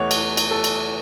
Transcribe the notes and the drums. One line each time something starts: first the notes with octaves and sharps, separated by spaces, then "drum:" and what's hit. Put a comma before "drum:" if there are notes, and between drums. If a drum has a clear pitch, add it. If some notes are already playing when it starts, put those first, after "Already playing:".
Already playing: E2 E3 A3 C#5 F#5
drum: cymbal
drum: cymbal
A4
drum: cymbal